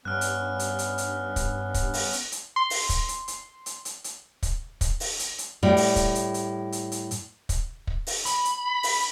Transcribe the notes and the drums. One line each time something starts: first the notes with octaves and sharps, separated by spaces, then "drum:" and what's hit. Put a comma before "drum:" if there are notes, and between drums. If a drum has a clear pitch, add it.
G2 B3 C#4 F6 F#6
drum: hi-hat
drum: hi-hat
drum: hi-hat
drum: hi-hat
drum: kick, hi-hat
drum: kick, hi-hat
drum: open hi-hat
drum: hi-hat
drum: hi-hat
C6
drum: open hi-hat
drum: kick, hi-hat
drum: hi-hat
drum: hi-hat
drum: hi-hat
drum: hi-hat
drum: hi-hat
drum: kick, hi-hat
drum: kick, hi-hat
drum: open hi-hat
drum: hi-hat
drum: hi-hat
A2 G3
drum: open hi-hat
drum: kick, hi-hat
drum: hi-hat
drum: hi-hat
drum: hi-hat
drum: hi-hat
drum: hi-hat
drum: kick, hi-hat
drum: kick
drum: open hi-hat
B5, drum: hi-hat
drum: hi-hat
drum: open hi-hat